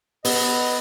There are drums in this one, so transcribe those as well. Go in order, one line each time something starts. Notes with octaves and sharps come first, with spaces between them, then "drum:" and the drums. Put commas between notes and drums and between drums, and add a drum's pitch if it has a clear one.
B3 D#5, drum: open hi-hat